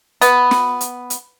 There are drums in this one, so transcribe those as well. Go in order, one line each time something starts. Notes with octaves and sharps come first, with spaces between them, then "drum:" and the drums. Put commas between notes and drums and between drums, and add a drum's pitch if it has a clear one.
B3, drum: hi-hat
drum: snare
drum: hi-hat
drum: hi-hat